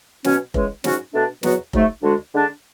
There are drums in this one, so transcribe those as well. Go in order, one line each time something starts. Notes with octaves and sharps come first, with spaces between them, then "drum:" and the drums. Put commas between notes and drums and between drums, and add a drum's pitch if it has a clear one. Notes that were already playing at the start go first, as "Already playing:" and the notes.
B2 F#3 C#4, drum: snare
C#3 E3 G#3, drum: kick F1
G#2 F#3 C#4 F#4, drum: snare
B2 A3 D4
E2 B2 F#3 B3 F#4, drum: snare
G#2 F#3 A3, drum: kick F1
D2 D3 G#3 D4 F#4
D3 G#3 D4